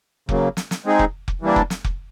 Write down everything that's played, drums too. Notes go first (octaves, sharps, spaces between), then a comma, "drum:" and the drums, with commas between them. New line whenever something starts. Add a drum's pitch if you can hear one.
C#3 F#3 A#3, drum: kick F1
drum: snare
drum: snare
G#3 C4 D#4 G#4
drum: kick F1
drum: kick F1
E3 G3 A#3 D4
drum: kick F1
drum: snare
drum: kick F1